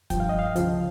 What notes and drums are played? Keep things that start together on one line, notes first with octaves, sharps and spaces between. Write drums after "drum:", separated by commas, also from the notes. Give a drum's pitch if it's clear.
G2 F3 G5, drum: kick, hi-hat
F5
D#5
F5
C#2 C#3 F3, drum: hi-hat